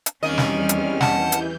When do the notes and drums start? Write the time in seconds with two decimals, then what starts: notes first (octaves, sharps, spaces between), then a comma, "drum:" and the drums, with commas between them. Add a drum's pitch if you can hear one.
0.06 drum: hi-hat
0.23 E2 D#3 G3 A#3 C4 C#4 D#5 F6
0.38 drum: snare
0.69 drum: hi-hat
1.01 E3 F#5 A5 G6, drum: snare
1.32 drum: hi-hat